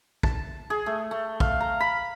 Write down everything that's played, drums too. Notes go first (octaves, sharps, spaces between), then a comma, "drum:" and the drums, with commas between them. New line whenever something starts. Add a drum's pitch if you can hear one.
A5, drum: kick
G#4
A3
A3
F5, drum: kick
A#5
B5